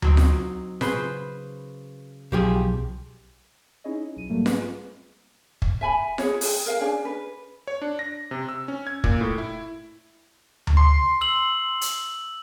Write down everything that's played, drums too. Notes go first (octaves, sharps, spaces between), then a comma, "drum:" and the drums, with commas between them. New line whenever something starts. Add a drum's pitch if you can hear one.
F#3 C4 D#4, drum: tom D2
drum: snare F4
C#3 B4 C5, drum: snare F4
B1 F3 G4 G#4
C#4 D#4 E4 G#4 C#5 D#5
E4
B1 D#7
G#2 F#3 G3 A3 A#3
G#4 B4, drum: snare F4
drum: kick
E5 G#5 B5
G#4 C#5, drum: snare F4
G#4 G5, drum: open hi-hat
A#4 F5 G5
C#4 D4 G#4 D5
B4
C#5
D4
A#6
C3
E6
C#4
G#6
A#2, drum: kick
A2
E4
drum: tom D2
C6
E6 F#7
drum: hi-hat